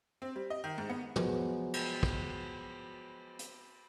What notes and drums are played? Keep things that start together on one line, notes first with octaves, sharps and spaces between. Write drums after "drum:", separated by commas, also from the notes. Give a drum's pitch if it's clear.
C4
G3
D#5
D#3
G#2
B3
F3 F#3 G#3 B3, drum: tom
drum: cymbal
drum: kick
drum: hi-hat